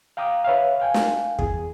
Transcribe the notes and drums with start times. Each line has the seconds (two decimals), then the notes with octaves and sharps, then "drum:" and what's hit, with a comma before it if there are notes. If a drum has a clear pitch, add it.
0.17 F5 G5 A#5 D6 D#6
0.44 B4 C#5 E5 F5
0.80 F5 G5 G#5
0.94 drum: snare
1.39 E2 G#4, drum: kick